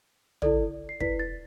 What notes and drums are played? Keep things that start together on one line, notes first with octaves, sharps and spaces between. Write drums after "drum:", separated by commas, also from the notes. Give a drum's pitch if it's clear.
E4 A4 D5, drum: tom
C7
E4 B4 D5 B6, drum: kick
A6